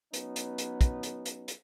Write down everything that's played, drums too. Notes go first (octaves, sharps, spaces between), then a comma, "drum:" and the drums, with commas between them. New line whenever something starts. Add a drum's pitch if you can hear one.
F#3 B3 C#4 D#4, drum: hi-hat
drum: hi-hat
drum: hi-hat
drum: kick, hi-hat
drum: hi-hat
drum: hi-hat
drum: hi-hat